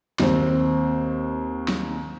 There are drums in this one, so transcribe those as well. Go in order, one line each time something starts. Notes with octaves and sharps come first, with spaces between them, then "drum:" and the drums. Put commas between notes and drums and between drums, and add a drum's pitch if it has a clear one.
D#2 C4, drum: snare
drum: snare